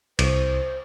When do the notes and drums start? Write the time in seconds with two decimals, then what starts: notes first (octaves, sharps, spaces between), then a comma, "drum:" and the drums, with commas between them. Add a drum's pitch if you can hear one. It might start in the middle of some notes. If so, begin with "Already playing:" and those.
0.19 C2 C5, drum: cymbal